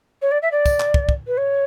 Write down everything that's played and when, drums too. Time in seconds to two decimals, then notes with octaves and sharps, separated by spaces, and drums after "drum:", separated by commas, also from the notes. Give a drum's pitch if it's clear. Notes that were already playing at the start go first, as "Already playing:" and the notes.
0.22 C#5
0.32 D5
0.42 E5
0.52 D5
0.66 drum: kick, tambourine
0.80 drum: clap
0.94 drum: kick
1.09 drum: kick
1.27 B4
1.37 C#5